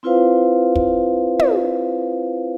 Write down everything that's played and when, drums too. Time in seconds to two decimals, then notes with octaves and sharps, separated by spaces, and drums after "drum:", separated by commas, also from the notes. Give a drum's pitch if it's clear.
0.03 C4 E4 F4 B4 C5 F5
0.76 drum: kick
1.39 drum: tom